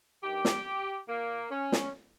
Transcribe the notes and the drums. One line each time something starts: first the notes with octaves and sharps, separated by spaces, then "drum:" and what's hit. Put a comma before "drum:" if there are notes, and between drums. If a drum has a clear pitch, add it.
G2 D#3 G4
drum: snare
A#2 A#3
C#4
drum: snare